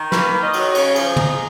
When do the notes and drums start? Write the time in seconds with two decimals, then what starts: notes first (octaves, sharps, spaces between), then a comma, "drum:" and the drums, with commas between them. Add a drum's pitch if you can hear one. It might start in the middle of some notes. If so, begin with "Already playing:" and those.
Already playing: D#3
0.12 A#3 B4, drum: snare
0.33 D#3
0.44 D#5
0.53 F#3, drum: cymbal
0.75 C#3 C#5, drum: cymbal
0.95 F3 G#4, drum: cymbal
1.16 D#4 G#4, drum: tom